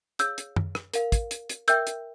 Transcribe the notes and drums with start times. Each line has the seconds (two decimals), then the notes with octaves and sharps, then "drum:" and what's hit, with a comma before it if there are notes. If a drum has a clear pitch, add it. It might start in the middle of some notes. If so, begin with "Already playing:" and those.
0.19 G#4 C#5 F5 E6 G6, drum: hi-hat
0.38 drum: hi-hat
0.56 drum: tom F#2
0.75 drum: rim click
0.94 A#4 F5, drum: hi-hat
1.12 drum: kick, hi-hat
1.31 drum: hi-hat
1.49 drum: hi-hat
1.68 A#4 E5 G5 E6 G6, drum: hi-hat
1.87 drum: hi-hat